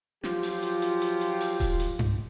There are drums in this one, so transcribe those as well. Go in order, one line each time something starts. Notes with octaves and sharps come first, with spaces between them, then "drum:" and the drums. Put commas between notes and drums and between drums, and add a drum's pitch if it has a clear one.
F3 F#3 F4 G4, drum: snare
drum: open hi-hat
drum: hi-hat
drum: hi-hat
drum: hi-hat
drum: hi-hat
drum: open hi-hat
drum: kick D#1, open hi-hat
drum: hi-hat
drum: tom G2